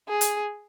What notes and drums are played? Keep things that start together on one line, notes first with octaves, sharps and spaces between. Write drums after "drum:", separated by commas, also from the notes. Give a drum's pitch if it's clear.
G#4
drum: hi-hat